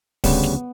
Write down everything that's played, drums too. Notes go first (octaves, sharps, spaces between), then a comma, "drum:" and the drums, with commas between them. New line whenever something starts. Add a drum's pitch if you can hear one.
D2 C#3 G3 B3, drum: kick, open hi-hat
drum: snare